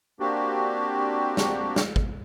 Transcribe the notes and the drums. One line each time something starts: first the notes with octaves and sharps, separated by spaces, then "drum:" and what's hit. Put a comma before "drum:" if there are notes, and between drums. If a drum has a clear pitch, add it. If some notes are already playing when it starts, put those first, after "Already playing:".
A#3 C4 D4 F#4 G4
drum: snare
drum: snare
drum: kick G#1